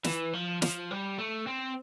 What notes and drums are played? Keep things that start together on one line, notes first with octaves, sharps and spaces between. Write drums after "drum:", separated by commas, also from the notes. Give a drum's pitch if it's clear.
E3, drum: snare
F3
F3, drum: snare
G3
A3
C4